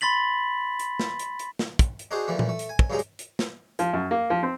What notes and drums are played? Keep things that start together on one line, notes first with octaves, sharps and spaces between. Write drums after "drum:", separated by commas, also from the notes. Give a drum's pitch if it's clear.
B5 C6 A6 B6 F#7
drum: hi-hat
drum: snare
drum: hi-hat
drum: hi-hat
drum: snare
drum: kick, hi-hat
drum: hi-hat
D4 D#4 F#4 G#4 C5
A#2 E3 F3 A3
drum: tom A#2
A3
drum: hi-hat
G#5
drum: kick
B1 G2 C#3 G#3 D#4 A#5
drum: hi-hat
drum: hi-hat
drum: snare
F3, drum: hi-hat
F#2
A#3
F3
C4